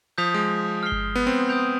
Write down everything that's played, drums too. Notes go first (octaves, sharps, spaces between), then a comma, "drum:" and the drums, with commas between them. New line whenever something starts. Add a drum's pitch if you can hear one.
F3 D#6 G6 B6 F7
G#3
F6 C7 G7
drum: kick G1
B3
C4
D#6 G6 D7 F7